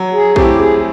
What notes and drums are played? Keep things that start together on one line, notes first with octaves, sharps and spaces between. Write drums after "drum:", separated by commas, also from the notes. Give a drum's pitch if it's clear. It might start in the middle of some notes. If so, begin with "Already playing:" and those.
Already playing: F#3
G#4
A3 C4 E4 G4, drum: kick B1
G#4